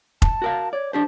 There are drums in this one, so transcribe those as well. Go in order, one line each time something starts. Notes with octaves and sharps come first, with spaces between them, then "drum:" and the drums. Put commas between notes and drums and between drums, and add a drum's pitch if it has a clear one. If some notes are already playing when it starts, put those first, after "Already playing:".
A5, drum: kick F1
F#4 A#4 F5
C#5 D5
D4 G4 C5 A5